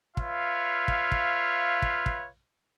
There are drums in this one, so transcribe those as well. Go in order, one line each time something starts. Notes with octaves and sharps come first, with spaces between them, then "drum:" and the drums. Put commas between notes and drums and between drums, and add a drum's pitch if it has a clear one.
F4 B4 C#5 E5 F5, drum: kick
drum: kick
drum: kick
drum: kick
drum: kick